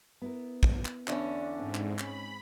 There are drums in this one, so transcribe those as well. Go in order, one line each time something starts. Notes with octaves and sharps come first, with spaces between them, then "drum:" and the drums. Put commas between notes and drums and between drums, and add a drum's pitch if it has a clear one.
B3 E4 A#4
drum: kick
drum: clap
E2 D3 C#4 D4, drum: clap
G#2 C4
drum: clap
C#4 B5, drum: clap